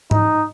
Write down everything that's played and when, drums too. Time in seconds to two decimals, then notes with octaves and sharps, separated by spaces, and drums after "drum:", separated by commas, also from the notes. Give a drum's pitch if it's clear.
0.11 D#4, drum: tom G#2